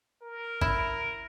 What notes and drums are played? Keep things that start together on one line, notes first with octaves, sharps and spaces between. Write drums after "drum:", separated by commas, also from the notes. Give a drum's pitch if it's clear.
A#4
E4, drum: kick G#1